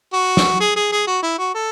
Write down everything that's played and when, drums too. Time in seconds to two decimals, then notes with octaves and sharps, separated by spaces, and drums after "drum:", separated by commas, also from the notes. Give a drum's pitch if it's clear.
0.13 F#4
0.37 drum: snare
0.61 G#4
0.76 G#4
0.92 G#4
1.07 F#4
1.22 E4
1.38 F#4
1.55 A4